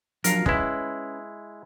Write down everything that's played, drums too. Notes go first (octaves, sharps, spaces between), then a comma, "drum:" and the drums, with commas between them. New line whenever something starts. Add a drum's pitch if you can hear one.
F3 F#3 D4 A#4 F5, drum: hi-hat
G#3 C#4 E4 B4, drum: kick